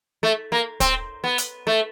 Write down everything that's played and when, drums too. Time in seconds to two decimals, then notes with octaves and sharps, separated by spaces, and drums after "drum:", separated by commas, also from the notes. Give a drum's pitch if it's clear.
0.23 A3
0.52 A#3
0.80 C4, drum: kick, hi-hat
1.24 B3
1.38 drum: hi-hat
1.67 A3